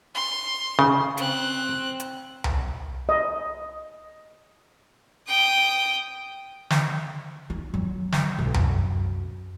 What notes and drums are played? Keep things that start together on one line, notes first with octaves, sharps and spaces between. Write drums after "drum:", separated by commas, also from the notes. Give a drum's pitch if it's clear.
C6
C#3
C4 F#6, drum: hi-hat
drum: hi-hat
drum: tom C2
D#5
G5 D#6
drum: snare
D#4
F#3
drum: snare
B1
F#2, drum: tom C2